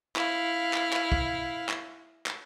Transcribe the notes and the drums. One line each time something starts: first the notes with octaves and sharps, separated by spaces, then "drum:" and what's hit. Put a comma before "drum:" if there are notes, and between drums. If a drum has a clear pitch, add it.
E4 F5, drum: clap
drum: clap
drum: clap
drum: kick
drum: clap
drum: clap